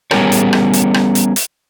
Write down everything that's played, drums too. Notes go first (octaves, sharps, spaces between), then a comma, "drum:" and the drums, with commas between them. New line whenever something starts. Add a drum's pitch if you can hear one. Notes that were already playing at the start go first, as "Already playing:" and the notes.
G3 B3 C#4 G#4 A#4 C#5, drum: rim click
drum: hi-hat
drum: rim click
drum: hi-hat
drum: rim click
drum: hi-hat
drum: hi-hat